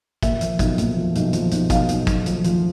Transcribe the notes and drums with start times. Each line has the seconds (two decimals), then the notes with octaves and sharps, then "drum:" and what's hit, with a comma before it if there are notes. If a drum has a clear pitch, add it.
0.23 A#2 E5, drum: kick, hi-hat
0.41 F3, drum: hi-hat
0.59 B1, drum: kick, hi-hat
0.78 A#2, drum: hi-hat
0.97 F3
1.15 B1, drum: hi-hat
1.33 F3, drum: hi-hat
1.51 B1, drum: hi-hat
1.70 B1 F5, drum: kick, hi-hat
1.89 B1, drum: hi-hat
2.07 B1, drum: kick, hi-hat
2.26 F3, drum: hi-hat
2.44 F3, drum: hi-hat